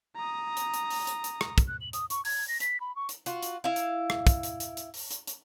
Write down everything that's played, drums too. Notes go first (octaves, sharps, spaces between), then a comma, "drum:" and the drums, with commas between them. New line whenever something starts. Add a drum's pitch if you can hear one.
A#5 D#6
drum: hi-hat
drum: hi-hat
drum: open hi-hat
drum: hi-hat
drum: hi-hat
drum: rim click
drum: kick, hi-hat
F#6
F#7
D#6, drum: hi-hat
C#6, drum: hi-hat
G#6, drum: open hi-hat
A#6
B6, drum: hi-hat
B5
C#6
drum: hi-hat
F4 F#4, drum: hi-hat
drum: hi-hat
E4 F5
drum: hi-hat
drum: rim click
drum: kick, hi-hat
drum: hi-hat
drum: hi-hat
drum: hi-hat
drum: open hi-hat
drum: hi-hat
drum: hi-hat